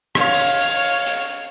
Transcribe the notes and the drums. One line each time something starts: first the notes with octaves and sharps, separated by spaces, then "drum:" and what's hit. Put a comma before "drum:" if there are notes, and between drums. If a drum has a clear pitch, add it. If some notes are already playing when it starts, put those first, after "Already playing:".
C#5 F5, drum: rim click
drum: open hi-hat
drum: hi-hat